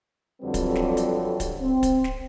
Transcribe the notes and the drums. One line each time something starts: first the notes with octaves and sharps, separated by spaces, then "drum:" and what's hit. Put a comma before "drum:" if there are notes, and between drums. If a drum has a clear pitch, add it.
F2 D3 F#3 G3 C4 B4
drum: kick, hi-hat
drum: snare
drum: hi-hat
drum: kick, hi-hat
C4
drum: kick, hi-hat
drum: snare